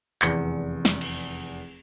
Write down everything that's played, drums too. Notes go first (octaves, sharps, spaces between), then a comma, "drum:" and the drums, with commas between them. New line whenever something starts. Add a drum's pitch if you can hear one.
F1 E2 C#7, drum: clap
drum: snare
drum: cymbal